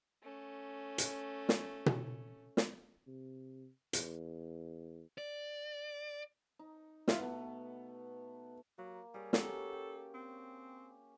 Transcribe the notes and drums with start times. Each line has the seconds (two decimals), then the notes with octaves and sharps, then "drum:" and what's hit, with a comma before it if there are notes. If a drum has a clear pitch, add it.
0.23 A3 C#4
0.98 drum: hi-hat
1.49 drum: snare
1.86 drum: tom B2
2.57 drum: snare
3.07 C3
3.93 E2, drum: hi-hat
5.18 D5
6.59 D#4
7.08 E4 F4, drum: snare
7.19 B2 A3 B3
8.78 F#3 A#3
9.14 G3 G#4 A#4 C#5
9.33 C#4 F#4 G4 A4, drum: snare
9.73 G5
10.15 C4